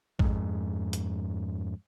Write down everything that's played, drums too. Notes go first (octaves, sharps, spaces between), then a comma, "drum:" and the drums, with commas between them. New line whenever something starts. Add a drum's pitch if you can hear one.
F2 G#2, drum: kick
drum: hi-hat